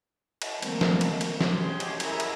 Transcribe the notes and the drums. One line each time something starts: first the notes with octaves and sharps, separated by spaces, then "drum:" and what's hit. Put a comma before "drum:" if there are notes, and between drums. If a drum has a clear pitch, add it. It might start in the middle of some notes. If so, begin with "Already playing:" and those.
drum: cymbal
D#3 F3 G3 A3 A#3 C4, drum: cymbal
drum: snare
drum: cymbal
drum: cymbal
drum: snare
C#4 G4 G#4 C#5 C6
drum: cymbal
E4 G#4 A#4 E5 G#5 A#5, drum: cymbal
drum: cymbal